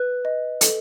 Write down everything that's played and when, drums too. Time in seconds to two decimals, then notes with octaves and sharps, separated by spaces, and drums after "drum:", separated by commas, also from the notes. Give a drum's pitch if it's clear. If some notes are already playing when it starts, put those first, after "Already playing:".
Already playing: B4 F#6
0.25 D#5
0.61 A4, drum: hi-hat